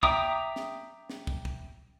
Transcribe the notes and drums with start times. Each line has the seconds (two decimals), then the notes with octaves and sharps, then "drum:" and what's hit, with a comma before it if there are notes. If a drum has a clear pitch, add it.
0.03 E5 G5 A#5 D6 D#6, drum: kick
0.56 drum: snare
1.10 drum: snare
1.27 drum: kick
1.45 drum: kick